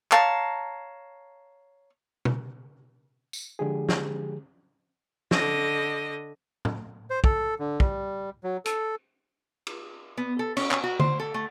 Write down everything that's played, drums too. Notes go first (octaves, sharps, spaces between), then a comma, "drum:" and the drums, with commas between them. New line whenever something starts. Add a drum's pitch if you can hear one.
C#5 F5 A5 A#5, drum: clap
drum: tom
drum: tambourine
D3 F3 G#3 G4 G#4
drum: snare
D3 D#5, drum: snare
drum: tom A2
C5
A4, drum: kick
D3
G3, drum: kick
F#3
A4, drum: hi-hat
drum: cymbal
B3
A4
C#4, drum: cymbal
C#4, drum: clap
F#4
C5, drum: tom D3
A4
A3